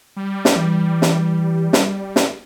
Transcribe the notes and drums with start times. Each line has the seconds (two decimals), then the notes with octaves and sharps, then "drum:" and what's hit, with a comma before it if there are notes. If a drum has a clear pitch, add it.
0.16 G3
0.45 drum: snare
0.55 E3
1.02 drum: snare
1.73 drum: snare
2.16 drum: snare